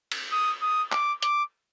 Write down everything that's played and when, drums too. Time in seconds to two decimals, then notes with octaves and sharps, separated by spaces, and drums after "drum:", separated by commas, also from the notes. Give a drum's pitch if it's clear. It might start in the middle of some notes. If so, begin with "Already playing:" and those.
0.12 drum: cymbal
0.32 D#6
0.62 D#6
0.92 D6, drum: clap
1.22 D6, drum: hi-hat